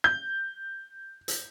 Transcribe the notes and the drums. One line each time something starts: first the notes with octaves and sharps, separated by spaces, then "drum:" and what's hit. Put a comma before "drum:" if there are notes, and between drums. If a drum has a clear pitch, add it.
G6
drum: hi-hat